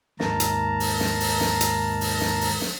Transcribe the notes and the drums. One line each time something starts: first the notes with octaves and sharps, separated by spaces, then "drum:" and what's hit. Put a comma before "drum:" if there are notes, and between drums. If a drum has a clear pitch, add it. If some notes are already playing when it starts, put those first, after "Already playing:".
D#2 G#2 A#4 A5 A#5, drum: snare
drum: hi-hat
drum: open hi-hat
drum: snare
drum: open hi-hat
drum: snare
drum: hi-hat
drum: open hi-hat
drum: snare
drum: open hi-hat
drum: snare